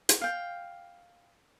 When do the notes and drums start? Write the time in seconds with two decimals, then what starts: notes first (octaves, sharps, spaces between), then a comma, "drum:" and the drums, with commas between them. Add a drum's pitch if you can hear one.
0.09 drum: hi-hat
0.21 F5 G5